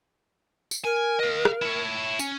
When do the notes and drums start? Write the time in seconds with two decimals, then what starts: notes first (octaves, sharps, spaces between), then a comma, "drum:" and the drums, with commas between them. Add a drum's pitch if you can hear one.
0.71 drum: tambourine
0.84 A#4 G#5
1.19 D#5 F5
1.45 drum: rim click
1.62 E4 C#5
2.19 C#4, drum: tambourine